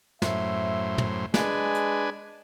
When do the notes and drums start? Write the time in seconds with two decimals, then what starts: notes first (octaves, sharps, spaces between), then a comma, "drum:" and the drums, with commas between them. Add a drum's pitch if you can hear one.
0.22 F#2 A2 C5 E5, drum: snare
0.98 drum: tom
1.34 G#3 D4 B4 G#5, drum: snare
1.75 drum: hi-hat